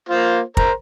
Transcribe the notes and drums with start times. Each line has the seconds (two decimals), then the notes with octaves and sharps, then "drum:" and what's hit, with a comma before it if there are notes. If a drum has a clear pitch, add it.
0.09 A#3 F4 C5
0.57 A#4 C5 A#5, drum: kick